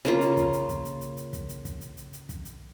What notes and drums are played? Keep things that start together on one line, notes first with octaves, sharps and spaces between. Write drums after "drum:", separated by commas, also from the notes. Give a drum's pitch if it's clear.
C#3 A#3 F4, drum: hi-hat
drum: hi-hat
drum: kick, hi-hat
drum: hi-hat
drum: kick, hi-hat
drum: hi-hat
drum: hi-hat
drum: hi-hat
drum: kick, hi-hat
drum: hi-hat
drum: kick, hi-hat
drum: hi-hat
drum: hi-hat
drum: hi-hat
drum: kick, hi-hat
drum: hi-hat